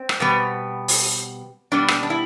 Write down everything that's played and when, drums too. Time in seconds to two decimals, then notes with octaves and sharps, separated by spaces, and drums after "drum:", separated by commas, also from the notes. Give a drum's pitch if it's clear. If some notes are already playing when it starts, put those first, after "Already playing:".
Already playing: C4
0.09 drum: rim click
0.20 B2 G3 B3
0.88 drum: open hi-hat
1.72 B2 G3 B3 D4
1.88 drum: rim click
2.03 D4
2.10 E4